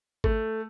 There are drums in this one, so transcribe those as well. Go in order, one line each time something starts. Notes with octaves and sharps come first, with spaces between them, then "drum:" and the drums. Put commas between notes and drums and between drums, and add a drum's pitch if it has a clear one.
A3, drum: kick G#1